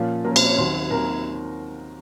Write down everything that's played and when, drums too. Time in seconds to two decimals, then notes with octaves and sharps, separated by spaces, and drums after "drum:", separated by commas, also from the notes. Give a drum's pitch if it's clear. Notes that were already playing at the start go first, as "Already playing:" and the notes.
Already playing: A#2 F3 A#3 C#4 F4 F5
0.24 A#2 F3 A#3 C#4 A#4
0.36 C4 C5, drum: cymbal
0.46 C#4 C#5
0.58 D#2 D#3 F#3 C4 C5 C6
0.90 D#2 D#3 F#3 C4 A#4 A#5